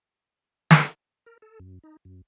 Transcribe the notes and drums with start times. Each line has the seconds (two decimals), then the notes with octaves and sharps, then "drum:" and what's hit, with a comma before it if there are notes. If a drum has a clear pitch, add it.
0.71 drum: snare
1.26 A#4
1.42 A4
1.59 F#2
1.84 D#4
2.05 F#2